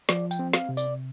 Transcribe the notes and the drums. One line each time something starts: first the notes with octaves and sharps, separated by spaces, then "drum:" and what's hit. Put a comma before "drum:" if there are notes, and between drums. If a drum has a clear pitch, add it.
F3 D5, drum: snare
G5, drum: tambourine
C4
F5, drum: snare
C3
D5, drum: tambourine